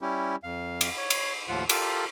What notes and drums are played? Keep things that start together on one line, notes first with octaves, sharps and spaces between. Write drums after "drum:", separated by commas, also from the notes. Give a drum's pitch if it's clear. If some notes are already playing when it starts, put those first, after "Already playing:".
G3 C#4 E4 G4
F2 F5
drum: cymbal
C#5
drum: cymbal
D#2 A2 F3 F4 F#5
F4 G4 A4 A#4, drum: cymbal